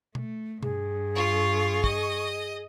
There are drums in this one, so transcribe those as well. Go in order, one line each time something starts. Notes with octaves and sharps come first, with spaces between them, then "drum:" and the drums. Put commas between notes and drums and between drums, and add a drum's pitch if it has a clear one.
A3, drum: tom B2
G2 G#4, drum: tom B2
F4 C#6
D#5, drum: kick